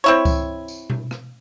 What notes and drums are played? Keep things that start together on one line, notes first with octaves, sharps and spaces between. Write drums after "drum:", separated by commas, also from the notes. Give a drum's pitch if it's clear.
C4 E4 C#5
drum: kick C#2, tambourine
drum: tambourine
drum: tom B2
drum: rim click